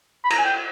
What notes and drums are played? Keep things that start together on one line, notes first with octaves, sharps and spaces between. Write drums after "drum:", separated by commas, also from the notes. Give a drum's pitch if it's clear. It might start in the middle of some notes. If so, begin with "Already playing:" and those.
B5
A#5, drum: cymbal
G#5
G5